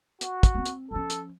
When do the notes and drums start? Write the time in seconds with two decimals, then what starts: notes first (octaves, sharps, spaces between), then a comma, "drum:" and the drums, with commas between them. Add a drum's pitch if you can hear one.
0.21 F#4, drum: hi-hat
0.43 drum: kick, hi-hat
0.55 B3 C4
0.65 drum: hi-hat
0.91 F3 C#4 A4
1.10 drum: hi-hat